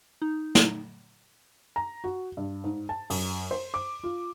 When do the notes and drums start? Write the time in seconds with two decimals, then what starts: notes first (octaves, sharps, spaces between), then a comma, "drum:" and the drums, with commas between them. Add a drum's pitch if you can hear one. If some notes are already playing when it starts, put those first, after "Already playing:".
0.22 D#4
0.55 drum: snare
1.76 A#5
2.04 F#4
2.37 G2
2.64 G#2
2.89 A5
3.10 F#2, drum: open hi-hat
3.51 C5
3.74 D6
4.04 F4